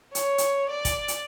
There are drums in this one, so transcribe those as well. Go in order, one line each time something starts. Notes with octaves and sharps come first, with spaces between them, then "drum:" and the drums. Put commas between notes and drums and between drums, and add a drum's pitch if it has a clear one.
C#5, drum: hi-hat
drum: hi-hat
D5
drum: kick, hi-hat
drum: hi-hat